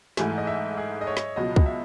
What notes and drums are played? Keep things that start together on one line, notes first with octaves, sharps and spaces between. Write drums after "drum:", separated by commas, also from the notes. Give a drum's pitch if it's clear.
G#2 E3 A3 G#5, drum: snare
D#5
E5
G#4
D#5
C#5
drum: snare
C#2 B2 F#3 D#5
drum: kick
E5